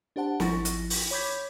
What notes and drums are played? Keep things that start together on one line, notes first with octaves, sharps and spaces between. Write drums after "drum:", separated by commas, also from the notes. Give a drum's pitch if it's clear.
D4 G4 C5 F#5 A5
G#1 F3 E4 C#6 A6 A#6, drum: snare
drum: hi-hat
drum: open hi-hat
C#5 B5 D6 G6 G#6 B6